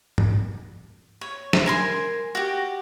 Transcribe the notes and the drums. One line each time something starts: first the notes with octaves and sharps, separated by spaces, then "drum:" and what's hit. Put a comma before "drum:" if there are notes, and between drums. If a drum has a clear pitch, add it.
drum: tom G#2
C#5
drum: snare
A#4 G#5 C6
F#4 G4